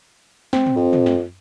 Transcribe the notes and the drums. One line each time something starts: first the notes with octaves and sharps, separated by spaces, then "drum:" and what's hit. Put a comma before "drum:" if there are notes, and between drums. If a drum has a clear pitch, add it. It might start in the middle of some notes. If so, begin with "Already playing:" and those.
C4, drum: snare
drum: tom
F2
drum: tom
drum: snare